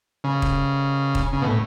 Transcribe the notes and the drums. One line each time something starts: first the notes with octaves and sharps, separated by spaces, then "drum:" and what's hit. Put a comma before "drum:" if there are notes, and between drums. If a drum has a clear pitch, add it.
C#3
drum: kick
drum: kick
C#3
B2
A2